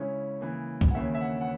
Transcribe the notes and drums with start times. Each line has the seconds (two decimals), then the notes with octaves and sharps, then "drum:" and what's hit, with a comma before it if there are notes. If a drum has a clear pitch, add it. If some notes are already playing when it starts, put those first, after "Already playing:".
Already playing: C#3 G#3 C#4 E4 C#5
0.41 C#3 E3 A#3
0.81 drum: kick
0.91 F#5
0.94 D#2 C#3 E3 A#3 C#4 E5
1.15 E5
1.21 F#5
1.41 F#5